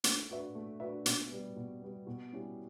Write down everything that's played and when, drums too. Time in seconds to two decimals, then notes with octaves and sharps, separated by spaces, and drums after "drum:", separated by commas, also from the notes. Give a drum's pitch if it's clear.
0.04 A3, drum: hi-hat
0.30 D4 F#4 B4 E5
0.55 A3
0.80 D4 F#4 B4 E5
1.06 B2, drum: hi-hat
1.31 G3 B3
1.56 B2
1.82 G3 B3
2.07 B2
2.32 G3 C#4 E4 G4